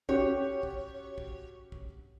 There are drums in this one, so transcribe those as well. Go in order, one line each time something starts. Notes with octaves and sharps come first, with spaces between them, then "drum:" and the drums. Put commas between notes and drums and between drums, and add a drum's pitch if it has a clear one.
C#4 F#4 G4 C#5, drum: kick
drum: kick
drum: kick
drum: kick